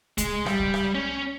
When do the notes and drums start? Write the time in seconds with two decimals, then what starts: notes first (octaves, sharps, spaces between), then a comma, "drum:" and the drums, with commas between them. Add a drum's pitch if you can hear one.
0.18 G#3, drum: kick C2, hi-hat
0.46 G3, drum: rim click
0.60 drum: kick C2
0.74 drum: rim click
0.95 C#4